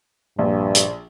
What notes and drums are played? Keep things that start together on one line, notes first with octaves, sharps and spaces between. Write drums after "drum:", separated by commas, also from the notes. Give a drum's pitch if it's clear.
A#1 G2
drum: hi-hat